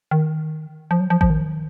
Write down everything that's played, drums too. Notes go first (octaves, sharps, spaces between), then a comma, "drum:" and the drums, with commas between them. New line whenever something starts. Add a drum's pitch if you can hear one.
D#3
F3
F#3
F3
F3, drum: kick A1
D#3